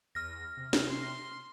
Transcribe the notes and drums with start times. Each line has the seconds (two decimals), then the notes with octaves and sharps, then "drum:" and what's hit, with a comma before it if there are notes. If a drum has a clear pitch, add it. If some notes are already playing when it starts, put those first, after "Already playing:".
0.15 E2 F6 A#6
0.57 C3
0.73 drum: snare
0.90 C6